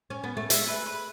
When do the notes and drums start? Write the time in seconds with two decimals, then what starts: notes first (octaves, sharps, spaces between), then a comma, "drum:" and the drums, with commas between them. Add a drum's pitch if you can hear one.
0.10 C#4
0.24 B3
0.37 A3
0.50 G#3 E5, drum: hi-hat
0.68 B4
0.86 B4